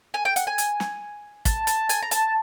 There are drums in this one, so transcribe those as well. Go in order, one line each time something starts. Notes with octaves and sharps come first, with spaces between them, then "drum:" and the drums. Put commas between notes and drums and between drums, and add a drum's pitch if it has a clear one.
G#5
G5
F#5, drum: hi-hat
G#5
drum: hi-hat
drum: snare
A5, drum: kick, hi-hat
A5, drum: hi-hat
G#5, drum: hi-hat
A#5
A5, drum: hi-hat